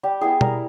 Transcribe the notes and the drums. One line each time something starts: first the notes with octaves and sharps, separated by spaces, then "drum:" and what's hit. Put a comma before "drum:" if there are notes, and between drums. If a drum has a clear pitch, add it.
G3 G4
B3 E4 G#4
G3 A#4, drum: tom B2